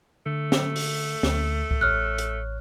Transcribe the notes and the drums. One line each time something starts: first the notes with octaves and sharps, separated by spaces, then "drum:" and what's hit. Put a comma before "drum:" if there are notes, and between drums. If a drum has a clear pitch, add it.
D3 A3
drum: snare
drum: open hi-hat
D2, drum: snare
drum: kick C#2
A1 C#5 F6 F#6
drum: hi-hat